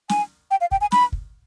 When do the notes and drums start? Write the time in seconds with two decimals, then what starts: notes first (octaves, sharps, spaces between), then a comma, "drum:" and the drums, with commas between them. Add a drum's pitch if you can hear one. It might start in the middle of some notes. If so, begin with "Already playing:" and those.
0.09 G#5, drum: snare
0.51 G5
0.61 F5
0.71 G5, drum: kick
0.81 G#5
0.92 B5, drum: snare
1.12 drum: kick